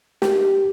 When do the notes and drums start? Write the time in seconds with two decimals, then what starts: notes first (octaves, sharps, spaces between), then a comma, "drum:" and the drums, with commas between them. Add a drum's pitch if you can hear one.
0.22 G4, drum: snare